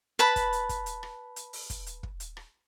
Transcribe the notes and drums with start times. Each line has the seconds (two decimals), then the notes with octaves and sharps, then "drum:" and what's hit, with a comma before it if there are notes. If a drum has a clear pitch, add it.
0.19 B4 A5 B5
0.36 drum: kick, hi-hat
0.53 drum: hi-hat
0.69 drum: kick, hi-hat
0.86 drum: hi-hat
1.03 drum: rim click
1.36 drum: hi-hat
1.53 drum: open hi-hat
1.70 drum: kick, hi-hat
1.86 drum: hi-hat
2.03 drum: kick
2.20 drum: hi-hat
2.37 drum: rim click